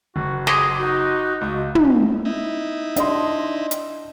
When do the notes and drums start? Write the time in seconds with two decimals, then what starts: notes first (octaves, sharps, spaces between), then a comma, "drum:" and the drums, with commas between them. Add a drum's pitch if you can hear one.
0.16 F#1 F#4
0.47 G#4 D#5 C6 D6, drum: snare
0.78 D#4 F#4
1.41 C#2 F#4
1.75 drum: tom
2.25 D#4 E4
2.96 D4 D#5 C6, drum: hi-hat
3.71 drum: hi-hat